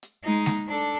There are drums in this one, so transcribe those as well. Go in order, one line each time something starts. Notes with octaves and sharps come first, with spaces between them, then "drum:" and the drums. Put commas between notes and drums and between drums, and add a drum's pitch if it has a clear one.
drum: hi-hat
G#3 D#4
drum: snare G#3
D4 A4